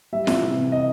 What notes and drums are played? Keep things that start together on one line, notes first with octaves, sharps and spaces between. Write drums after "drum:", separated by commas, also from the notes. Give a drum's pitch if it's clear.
G3 E5
E3, drum: snare
C3
C3
D#5